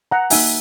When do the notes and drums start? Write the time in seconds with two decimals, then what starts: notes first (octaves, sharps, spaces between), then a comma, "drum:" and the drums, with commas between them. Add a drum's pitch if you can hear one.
0.11 F#5 A#5
0.30 A#3 D#4 F#4 E5 G#5, drum: open hi-hat